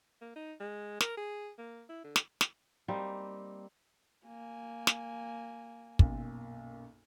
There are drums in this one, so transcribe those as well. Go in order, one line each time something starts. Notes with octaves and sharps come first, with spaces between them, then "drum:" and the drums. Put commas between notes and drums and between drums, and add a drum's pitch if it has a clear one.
A#3
D#4
G#3
A#4, drum: snare
G#4
A#3
E4
D3
drum: snare
drum: snare
G3 A#3 C4 D#4
A#3 G#5
drum: snare
B1 F#2 A#2, drum: kick